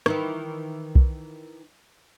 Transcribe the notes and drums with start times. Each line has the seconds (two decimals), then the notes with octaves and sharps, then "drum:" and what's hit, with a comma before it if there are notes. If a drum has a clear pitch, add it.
0.06 D#3 E3 E4, drum: rim click
0.95 drum: kick B1